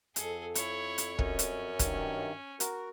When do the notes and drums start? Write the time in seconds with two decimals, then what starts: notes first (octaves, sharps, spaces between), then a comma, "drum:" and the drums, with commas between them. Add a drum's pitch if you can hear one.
0.16 F2 G#4 A4, drum: hi-hat
0.55 E4 C#5, drum: hi-hat
0.98 drum: hi-hat
1.19 F#2 C#4, drum: kick
1.39 drum: hi-hat
1.79 G2 D#3, drum: kick, hi-hat
2.60 F#4 A#4, drum: hi-hat